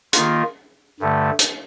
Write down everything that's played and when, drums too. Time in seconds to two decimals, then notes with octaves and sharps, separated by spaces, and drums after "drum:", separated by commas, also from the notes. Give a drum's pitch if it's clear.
0.13 D#3 A#3 F4, drum: hi-hat
1.00 G2 D3 A3
1.39 drum: hi-hat